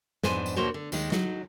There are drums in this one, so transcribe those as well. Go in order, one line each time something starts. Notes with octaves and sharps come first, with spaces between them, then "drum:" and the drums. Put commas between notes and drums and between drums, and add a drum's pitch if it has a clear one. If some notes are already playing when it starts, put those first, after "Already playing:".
F2 G#2 B3 D4 C5 G#5, drum: snare
drum: tambourine
D#2 B2 A#3 F#4 C5 C#5
D3
D#2 D#3 G#3, drum: tambourine
F#3 D#4, drum: snare